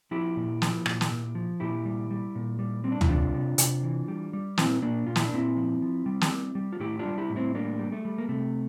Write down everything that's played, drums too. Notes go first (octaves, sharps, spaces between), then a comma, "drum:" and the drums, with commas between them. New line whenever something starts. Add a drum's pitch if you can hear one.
F3 E4 G4
A#2
F3, drum: snare
A#2, drum: rim click
drum: snare
A#2
F3
A#2 E4 G4
G3
G3
A#2
G3
G3 C4
D4
E4, drum: tom
C3 D4 F4
C3
C3, drum: hi-hat
E3
G3
G3
A#2 C4 E4, drum: snare
A#2 A#3 D4
A#2 F4
E4, drum: snare
D4
A#2 C4 E4
F3
F3
G3
drum: snare
G3
G3
F4
A2 E4 G4
D4 F4
G3
E4 G4
A2
C4 E4
G3 A#3 D4
G3
A3
G3
A#3
C3 A3